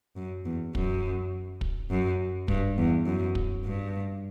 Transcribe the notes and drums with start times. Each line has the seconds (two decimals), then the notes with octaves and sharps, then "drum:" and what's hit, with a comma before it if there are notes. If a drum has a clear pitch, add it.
0.16 F#2
0.45 E2
0.75 F#2, drum: kick
1.61 drum: kick
1.91 F#2
2.48 G2, drum: kick
2.78 E2
3.06 F#2
3.35 drum: kick
3.64 G2